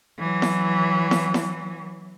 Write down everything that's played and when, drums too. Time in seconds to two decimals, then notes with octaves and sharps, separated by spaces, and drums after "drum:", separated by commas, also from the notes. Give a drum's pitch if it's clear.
0.19 E3 F#3
0.42 drum: snare E4
1.11 drum: snare E4
1.34 drum: snare E4